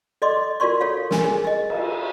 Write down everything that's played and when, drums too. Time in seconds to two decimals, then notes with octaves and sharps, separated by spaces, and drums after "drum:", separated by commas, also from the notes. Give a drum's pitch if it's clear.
0.22 A4 D5 D#5 C6 D6
0.60 F4 F#4 A#4 D5 C6 C#6
0.81 A4 C#5 F5
1.11 A#4 G#5, drum: snare
1.24 G#4 A#4 G#5
1.45 G#4 D#5
1.70 drum: cymbal